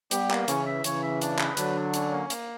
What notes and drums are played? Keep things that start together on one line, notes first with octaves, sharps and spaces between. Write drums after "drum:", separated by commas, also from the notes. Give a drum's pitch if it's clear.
G3 B3 G4, drum: hi-hat
A#3, drum: clap
C#3 E3 C#4, drum: hi-hat
E5
C#3 E3 C#5, drum: hi-hat
E5
D4, drum: hi-hat
B4, drum: clap
D3 F#3 D4, drum: hi-hat
D4
C#4, drum: hi-hat
A#3
A#3, drum: hi-hat